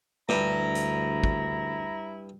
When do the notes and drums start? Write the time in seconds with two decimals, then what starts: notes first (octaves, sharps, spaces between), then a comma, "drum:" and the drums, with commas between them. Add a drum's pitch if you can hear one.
0.29 D2 G2 E4 A#5, drum: snare
0.75 drum: hi-hat
1.24 drum: kick